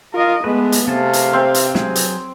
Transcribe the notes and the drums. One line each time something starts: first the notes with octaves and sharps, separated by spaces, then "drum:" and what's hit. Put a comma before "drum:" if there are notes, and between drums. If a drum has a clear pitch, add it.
F4 A#4 D#5
G#3 A3 B3 B4
drum: hi-hat
C3 A3 G#4 F5 A5
drum: hi-hat
C4
drum: hi-hat
F#3 G#4, drum: snare
drum: hi-hat